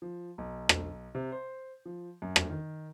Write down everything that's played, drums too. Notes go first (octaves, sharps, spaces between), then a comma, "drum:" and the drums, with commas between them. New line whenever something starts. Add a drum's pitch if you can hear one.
F3
B1
drum: rim click
C3
C5
F3
F#2
drum: rim click
D#3